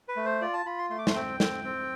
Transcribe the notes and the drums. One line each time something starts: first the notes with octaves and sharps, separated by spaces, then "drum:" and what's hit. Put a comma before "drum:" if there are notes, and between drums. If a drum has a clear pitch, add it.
B4
A3
C5
F4 D5
A5
F4 B5
C6
A3 C6
D6
C6, drum: snare
C4 G5
C4, drum: snare
C4